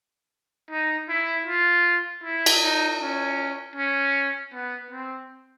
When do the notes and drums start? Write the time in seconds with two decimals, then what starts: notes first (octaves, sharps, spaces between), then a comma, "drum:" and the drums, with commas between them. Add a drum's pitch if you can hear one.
0.70 D#4
1.09 E4
1.46 F4
2.23 E4
2.46 drum: cymbal
2.61 D#4
3.00 C#4
3.76 C#4
4.52 B3
4.90 C4